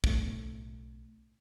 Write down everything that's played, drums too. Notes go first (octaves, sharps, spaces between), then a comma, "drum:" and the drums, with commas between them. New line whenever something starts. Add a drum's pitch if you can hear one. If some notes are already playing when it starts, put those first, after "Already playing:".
B1 A3, drum: kick